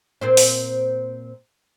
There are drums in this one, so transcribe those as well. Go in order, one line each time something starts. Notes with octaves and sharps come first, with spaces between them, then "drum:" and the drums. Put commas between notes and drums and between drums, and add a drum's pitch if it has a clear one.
A#2 C4 C5
drum: open hi-hat